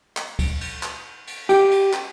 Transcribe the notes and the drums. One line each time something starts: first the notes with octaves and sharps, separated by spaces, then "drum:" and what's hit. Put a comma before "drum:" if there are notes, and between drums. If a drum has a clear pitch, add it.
drum: clap
drum: kick, cymbal
drum: cymbal
drum: clap
drum: cymbal
G4, drum: cymbal
drum: cymbal
drum: clap